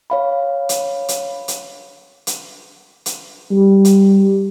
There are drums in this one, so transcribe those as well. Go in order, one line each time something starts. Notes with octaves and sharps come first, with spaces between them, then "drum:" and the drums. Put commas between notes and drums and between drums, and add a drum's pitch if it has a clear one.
C#5 F5 B5
drum: hi-hat
drum: hi-hat
drum: hi-hat
drum: hi-hat
drum: hi-hat
G3
drum: hi-hat